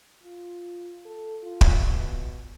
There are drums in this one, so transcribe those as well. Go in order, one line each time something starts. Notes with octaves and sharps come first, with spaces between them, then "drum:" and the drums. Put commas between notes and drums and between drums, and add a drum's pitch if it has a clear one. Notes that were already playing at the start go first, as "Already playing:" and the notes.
F4
A4
F4
drum: kick
B2